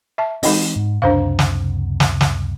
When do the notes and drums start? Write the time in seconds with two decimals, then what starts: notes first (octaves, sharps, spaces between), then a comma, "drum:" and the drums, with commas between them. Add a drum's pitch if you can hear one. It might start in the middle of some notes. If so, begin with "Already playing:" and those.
0.18 E5 A5
0.43 E3 G#3 C4 D#4 D#5, drum: open hi-hat
0.76 G#2
1.02 C#2 F#2 C3 D4 C5 F5
1.39 drum: snare
2.00 drum: snare
2.21 drum: snare